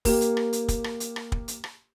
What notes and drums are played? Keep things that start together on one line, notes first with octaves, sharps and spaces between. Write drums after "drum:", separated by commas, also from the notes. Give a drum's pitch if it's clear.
A#3 G4, drum: kick, open hi-hat
drum: hi-hat
drum: rim click
drum: hi-hat
drum: kick, hi-hat
drum: rim click
drum: hi-hat
drum: rim click
drum: kick
drum: hi-hat
drum: rim click